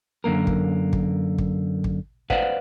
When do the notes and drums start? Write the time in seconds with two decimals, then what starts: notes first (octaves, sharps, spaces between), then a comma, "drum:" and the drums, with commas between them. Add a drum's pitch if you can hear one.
0.24 F#2 D3 A#3 A#4
0.47 drum: kick
0.93 drum: kick
1.38 drum: kick
1.84 drum: kick
2.30 B4 C5 D5 F5 F#5, drum: kick